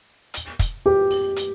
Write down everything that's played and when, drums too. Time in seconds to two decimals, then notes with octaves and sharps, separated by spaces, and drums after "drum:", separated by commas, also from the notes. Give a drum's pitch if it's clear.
0.34 drum: hi-hat
0.59 drum: kick, hi-hat
0.86 G4
1.11 drum: open hi-hat
1.36 drum: hi-hat